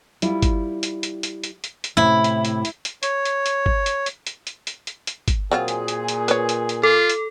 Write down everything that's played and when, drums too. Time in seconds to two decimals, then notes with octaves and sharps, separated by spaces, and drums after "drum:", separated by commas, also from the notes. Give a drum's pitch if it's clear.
0.22 G3 E4 F4, drum: hi-hat
0.42 drum: kick, hi-hat
0.83 drum: hi-hat
1.03 drum: hi-hat
1.23 drum: hi-hat
1.44 drum: hi-hat
1.64 drum: hi-hat
1.84 drum: hi-hat
1.97 A2 C3 E4
2.24 drum: hi-hat
2.45 drum: hi-hat
2.65 drum: hi-hat
2.85 drum: hi-hat
3.03 C#5, drum: hi-hat
3.25 drum: hi-hat
3.46 drum: hi-hat
3.66 drum: kick
3.86 drum: hi-hat
4.06 drum: hi-hat
4.27 drum: hi-hat
4.47 drum: hi-hat
4.67 drum: hi-hat
4.87 drum: hi-hat
5.07 drum: hi-hat
5.28 drum: kick, hi-hat
5.51 A#2 F#3 C4 F4 G#4
5.68 drum: hi-hat
5.88 drum: hi-hat
6.08 drum: hi-hat
6.28 B4 C#5, drum: hi-hat
6.49 drum: hi-hat
6.69 drum: hi-hat
6.83 F4 A4
7.10 drum: hi-hat